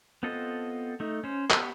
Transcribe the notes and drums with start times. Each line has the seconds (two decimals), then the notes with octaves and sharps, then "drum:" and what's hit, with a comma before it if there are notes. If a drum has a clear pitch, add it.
0.23 B3 C4 F4 A4 D#5
1.00 A3 D#4
1.24 C#4 C5
1.50 B3 G4 C#6, drum: clap